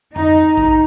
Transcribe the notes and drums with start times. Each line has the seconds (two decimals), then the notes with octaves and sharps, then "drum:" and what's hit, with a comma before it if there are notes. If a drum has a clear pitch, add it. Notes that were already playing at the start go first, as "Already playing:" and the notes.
0.16 D#4 A#5, drum: tom F2
0.58 drum: kick A1